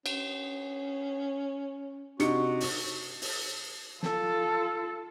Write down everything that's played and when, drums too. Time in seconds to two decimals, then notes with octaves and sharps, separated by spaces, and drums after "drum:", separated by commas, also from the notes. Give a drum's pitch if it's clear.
0.06 C#4, drum: cymbal
2.20 C3 D4 D#4 F#4 D#5 C#7, drum: hi-hat
2.60 drum: open hi-hat
3.22 drum: open hi-hat
4.03 F4 A4, drum: snare